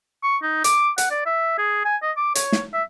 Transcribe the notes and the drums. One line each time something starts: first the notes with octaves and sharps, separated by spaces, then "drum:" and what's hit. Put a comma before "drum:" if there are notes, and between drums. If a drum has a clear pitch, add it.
C#6
D#4
D6, drum: hi-hat
F#5, drum: hi-hat
D5
E5
G#4
G#5
D#5
D6
C#5, drum: hi-hat
drum: snare
E5